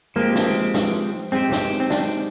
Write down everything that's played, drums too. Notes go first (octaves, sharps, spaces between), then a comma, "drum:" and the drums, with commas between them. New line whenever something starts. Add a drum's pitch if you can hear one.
F3 G#3 A#3 C4 G4
drum: snare
drum: snare
G#3 C4 D#4 G4 C5
drum: snare
C4
D4, drum: snare